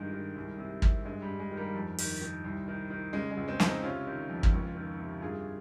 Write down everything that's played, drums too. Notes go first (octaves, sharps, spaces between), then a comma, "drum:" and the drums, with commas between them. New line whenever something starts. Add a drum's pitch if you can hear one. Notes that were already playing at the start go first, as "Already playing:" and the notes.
Already playing: G2 D#3 G#3
D#3
C2
C3
C3, drum: kick
G2 G#3
G3
G2
G#3
D#3
G3 A#3
F2
D#3, drum: open hi-hat
D#3
C2
D#3
D#3
C#3 G#3
G#3
C#2
G#3 C4
C#2, drum: snare
C4 D#4
C3 C#4 F4
D#3
F2
drum: kick
C#2
D#3
C3
G2 F4 G#4